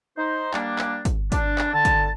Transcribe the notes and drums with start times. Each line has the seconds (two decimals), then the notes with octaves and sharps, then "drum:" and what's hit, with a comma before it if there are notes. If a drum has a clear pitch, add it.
0.18 D#4 C5
0.54 G3 A#3 D4, drum: clap
0.79 drum: clap
1.05 drum: kick, hi-hat
1.32 D4, drum: kick, hi-hat
1.58 drum: clap
1.74 D3 A5
1.85 drum: kick, hi-hat